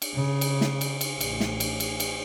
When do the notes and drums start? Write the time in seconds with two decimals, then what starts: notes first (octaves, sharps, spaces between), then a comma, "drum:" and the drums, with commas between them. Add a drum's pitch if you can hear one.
0.02 drum: cymbal
0.15 C#3
0.41 drum: cymbal
0.61 drum: snare
0.81 drum: cymbal
1.01 drum: cymbal
1.21 A1, drum: cymbal
1.40 drum: snare
1.60 drum: cymbal
1.80 drum: cymbal
2.00 drum: cymbal